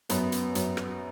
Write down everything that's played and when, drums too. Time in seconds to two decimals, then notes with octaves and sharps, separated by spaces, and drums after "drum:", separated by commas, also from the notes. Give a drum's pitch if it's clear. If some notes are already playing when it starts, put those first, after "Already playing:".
0.09 F#2 B3, drum: hi-hat
0.32 drum: hi-hat
0.55 F#2, drum: hi-hat
0.77 drum: rim click